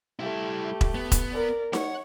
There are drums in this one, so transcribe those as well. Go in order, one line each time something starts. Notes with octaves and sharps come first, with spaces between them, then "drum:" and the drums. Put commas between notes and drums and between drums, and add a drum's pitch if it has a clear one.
G3 A3 E4 G4
drum: kick E1
B3
drum: kick E1, hi-hat
A#4 D5
C#5 F#5, drum: snare D#4